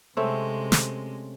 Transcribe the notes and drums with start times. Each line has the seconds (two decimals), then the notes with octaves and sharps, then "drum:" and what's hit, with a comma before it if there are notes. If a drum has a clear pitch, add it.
0.17 C3 G#3 A3 C4 C#4
0.72 drum: snare